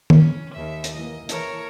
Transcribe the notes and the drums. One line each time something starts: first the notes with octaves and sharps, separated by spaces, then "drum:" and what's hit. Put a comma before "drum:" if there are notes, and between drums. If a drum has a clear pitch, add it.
C#4, drum: tom
D#2 E5
drum: hi-hat
E3 A#3 D#5
E3 A#4 C#5 A5, drum: hi-hat